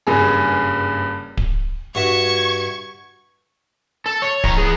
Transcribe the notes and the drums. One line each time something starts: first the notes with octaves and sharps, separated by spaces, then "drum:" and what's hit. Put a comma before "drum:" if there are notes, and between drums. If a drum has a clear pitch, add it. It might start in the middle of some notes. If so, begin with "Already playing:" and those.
F#1 G2 G#4
drum: kick D1
G2 F#4 E5 C#6 G#6
A4
C#5
E3 A#5, drum: kick D1
B3 G#4